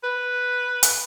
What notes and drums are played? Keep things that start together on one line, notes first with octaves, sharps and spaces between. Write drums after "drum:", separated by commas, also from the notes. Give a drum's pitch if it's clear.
B4
drum: hi-hat